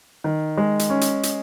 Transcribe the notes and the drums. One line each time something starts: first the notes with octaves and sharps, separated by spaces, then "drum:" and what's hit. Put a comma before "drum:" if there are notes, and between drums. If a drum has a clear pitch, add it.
D#3
G#3
drum: hi-hat
C#4
drum: hi-hat
drum: hi-hat